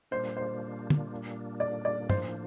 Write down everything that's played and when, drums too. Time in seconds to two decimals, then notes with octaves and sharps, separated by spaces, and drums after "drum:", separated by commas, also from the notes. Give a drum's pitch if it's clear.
0.11 A#2 G3 A#3 D4 C5
0.37 C5
0.90 drum: tom
1.60 D5
1.85 D5
2.09 A2 F3 A#3 D4 C5, drum: tom